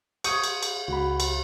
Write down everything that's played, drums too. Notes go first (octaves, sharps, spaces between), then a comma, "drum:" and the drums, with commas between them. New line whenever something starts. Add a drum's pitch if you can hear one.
C#6 D#6 G6 G#6, drum: cymbal
drum: cymbal
drum: cymbal
C#2 F#4 B5
drum: cymbal